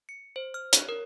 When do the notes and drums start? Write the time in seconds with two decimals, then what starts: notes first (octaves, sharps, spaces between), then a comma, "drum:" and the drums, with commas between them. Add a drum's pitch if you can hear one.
0.09 C#7
0.36 C5
0.54 F6
0.73 C#5, drum: hi-hat
0.89 A#4